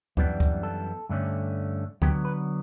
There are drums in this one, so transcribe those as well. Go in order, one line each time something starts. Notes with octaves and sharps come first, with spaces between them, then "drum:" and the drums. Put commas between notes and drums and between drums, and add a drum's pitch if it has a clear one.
F#2 E3 G3 B3 D4, drum: kick
drum: kick
A4
G2 D3 A3 C#4
D3 F#3 B3 G4, drum: kick
B4